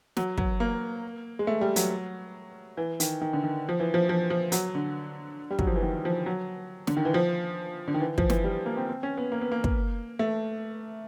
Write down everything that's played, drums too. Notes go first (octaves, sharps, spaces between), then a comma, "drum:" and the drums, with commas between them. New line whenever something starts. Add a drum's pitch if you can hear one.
F#3, drum: snare
F#3, drum: kick
A#3
G#3
A3
G3
F#3, drum: hi-hat
E3
D#3, drum: hi-hat
D#3
D3
D#3
F3
E3
F3
F3
F3
F#3, drum: hi-hat
D3
G3
F#3, drum: kick
F3
E3
D#3
F3
F#3
D3, drum: snare
D#3
E3
F3
D3
D#3
E3
F3, drum: kick
E3, drum: snare
G3
A#3
C4
C4
C#4
B3
A#3
B3
A#3
drum: kick
A3